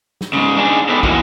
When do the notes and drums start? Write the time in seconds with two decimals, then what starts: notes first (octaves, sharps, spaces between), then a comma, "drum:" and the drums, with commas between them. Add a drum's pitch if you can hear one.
0.21 drum: snare
0.33 G#2 C#3
0.57 D4 D#4 G#4
0.89 B3 D#4 G4 A4 B4
1.03 B2 D#3 E3 F#3 A#3, drum: kick